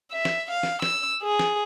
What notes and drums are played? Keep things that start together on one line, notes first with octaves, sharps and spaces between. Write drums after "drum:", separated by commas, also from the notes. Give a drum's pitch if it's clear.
E5
drum: snare
F5
drum: snare
E6, drum: snare
G#4
drum: snare